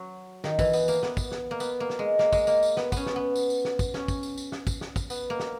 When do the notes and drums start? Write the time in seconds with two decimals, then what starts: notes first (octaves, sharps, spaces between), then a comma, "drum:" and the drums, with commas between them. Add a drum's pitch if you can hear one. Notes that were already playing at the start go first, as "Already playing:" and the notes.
Already playing: F#3
0.44 D#3, drum: snare
0.59 E3, drum: kick, tambourine
0.73 B3, drum: tambourine
0.88 A#3, drum: tambourine
1.03 B3, drum: snare
1.17 drum: kick, tambourine
1.31 drum: snare
1.51 A#3
1.60 B3, drum: tambourine
1.80 A#3
1.90 drum: snare
1.99 G#3
2.19 A#3, drum: snare
2.33 G#3, drum: kick, tambourine
2.47 A#3, drum: tambourine
2.63 drum: tambourine
2.77 B3, drum: snare
2.92 B3 C#4, drum: kick, tambourine
3.06 drum: snare
3.16 B3
3.36 drum: tambourine
3.50 drum: tambourine
3.65 drum: snare
3.79 drum: kick, tambourine
3.94 C#4, drum: snare
4.08 drum: kick, tambourine
4.23 drum: tambourine
4.38 drum: tambourine
4.52 drum: snare
4.67 drum: kick, tambourine
4.81 drum: snare
4.96 drum: kick, tambourine
5.10 B3, drum: tambourine
5.30 A#3
5.40 drum: snare